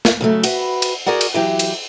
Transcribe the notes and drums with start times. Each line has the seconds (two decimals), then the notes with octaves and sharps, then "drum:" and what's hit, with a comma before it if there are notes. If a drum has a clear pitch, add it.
0.05 drum: snare
0.21 C#3 F#3 A3
0.43 F#4 B4, drum: cymbal
0.82 drum: cymbal
1.06 F#4 G#4 A#4 D5 F#5
1.21 drum: cymbal
1.34 E3 F#3 G4
1.59 drum: cymbal